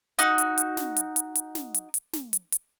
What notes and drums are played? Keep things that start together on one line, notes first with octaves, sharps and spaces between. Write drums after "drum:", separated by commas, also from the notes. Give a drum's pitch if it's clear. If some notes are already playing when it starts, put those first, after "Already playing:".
D#4 F#4, drum: hi-hat
drum: hi-hat
drum: hi-hat
drum: snare
drum: hi-hat
drum: hi-hat
drum: hi-hat
drum: snare
drum: hi-hat
drum: hi-hat
drum: snare
drum: hi-hat
drum: hi-hat